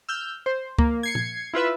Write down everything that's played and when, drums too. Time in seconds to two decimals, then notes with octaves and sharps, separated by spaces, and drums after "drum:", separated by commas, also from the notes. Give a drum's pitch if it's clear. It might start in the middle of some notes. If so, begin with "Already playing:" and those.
0.09 E6 F6 G6
0.46 C5
0.79 A#3, drum: kick
1.03 G#6 C7 C#7
1.15 drum: tom A#2
1.54 E4 F4 B4 E5